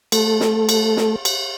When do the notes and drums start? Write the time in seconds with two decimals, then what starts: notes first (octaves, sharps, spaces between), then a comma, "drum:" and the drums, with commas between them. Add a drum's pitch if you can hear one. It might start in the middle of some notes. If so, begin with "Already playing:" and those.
0.12 A3 A4, drum: cymbal
0.40 drum: snare
0.69 drum: cymbal
0.97 drum: snare
1.25 drum: cymbal